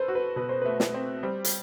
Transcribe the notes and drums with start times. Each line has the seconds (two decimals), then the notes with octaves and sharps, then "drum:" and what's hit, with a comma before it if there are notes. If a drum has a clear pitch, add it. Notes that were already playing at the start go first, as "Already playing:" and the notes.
Already playing: A4 B4 C5
0.08 F#4
0.15 B4
0.36 B2 B4
0.49 C5
0.62 A3 B4
0.80 drum: snare
0.94 C4
1.23 G3 C5
1.44 drum: hi-hat